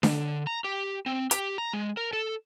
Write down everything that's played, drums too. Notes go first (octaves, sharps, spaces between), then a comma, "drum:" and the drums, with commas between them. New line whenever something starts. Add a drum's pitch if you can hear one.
D3, drum: snare D4
A#5
G4
C4
G4, drum: hi-hat
A#5
G#3
A#4
A4